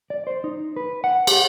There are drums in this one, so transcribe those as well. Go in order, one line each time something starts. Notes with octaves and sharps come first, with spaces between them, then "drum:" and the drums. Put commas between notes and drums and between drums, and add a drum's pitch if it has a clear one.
D5
C5
D#4
B4
F#5
G4, drum: cymbal